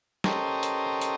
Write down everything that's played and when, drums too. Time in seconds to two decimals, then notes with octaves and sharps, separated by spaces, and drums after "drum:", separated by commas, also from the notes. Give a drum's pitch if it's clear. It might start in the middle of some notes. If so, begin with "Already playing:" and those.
0.24 C#4 G4 A4 A#4 C5 D#5, drum: snare
0.63 drum: hi-hat
1.01 drum: hi-hat